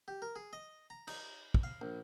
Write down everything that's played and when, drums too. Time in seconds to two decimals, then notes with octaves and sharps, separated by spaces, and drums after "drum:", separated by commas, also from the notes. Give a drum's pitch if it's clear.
0.08 G4
0.22 A#4
0.36 G#4
0.53 D#5
0.90 A#5
1.07 D#4, drum: cymbal
1.54 drum: kick
1.63 F5
1.81 A#1